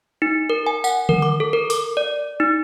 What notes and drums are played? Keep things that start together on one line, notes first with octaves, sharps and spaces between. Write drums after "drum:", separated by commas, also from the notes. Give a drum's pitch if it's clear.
D#4
A#4
G#5
F#5, drum: tambourine
A#4, drum: tom D3
D6
A4
A#4
D6, drum: open hi-hat
D5
D#4